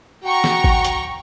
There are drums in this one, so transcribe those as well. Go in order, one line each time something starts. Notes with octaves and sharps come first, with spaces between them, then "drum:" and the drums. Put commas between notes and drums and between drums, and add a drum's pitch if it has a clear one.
F#4 G5 A#5 C#6
drum: snare
drum: kick
drum: hi-hat